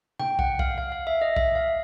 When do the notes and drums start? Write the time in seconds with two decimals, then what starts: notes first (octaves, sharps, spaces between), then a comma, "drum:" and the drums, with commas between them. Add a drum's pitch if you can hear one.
0.20 G5, drum: tom C3
0.39 F#5, drum: kick
0.59 F5, drum: kick
0.78 F5
0.92 F5
1.07 E5
1.21 D#5
1.37 E5, drum: kick
1.55 F5